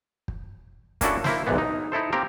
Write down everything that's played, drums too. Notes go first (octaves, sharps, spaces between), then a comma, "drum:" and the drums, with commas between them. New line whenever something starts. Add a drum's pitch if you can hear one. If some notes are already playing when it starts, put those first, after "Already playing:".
drum: kick
A#3 C#4 D4 E4 F#4 A4, drum: kick, hi-hat
A#3 E4 C5, drum: snare
B1 E2 G#2 D3 E3 B3
D#4
D#4 E4 A4 C5
A#3 C4 G4 A#4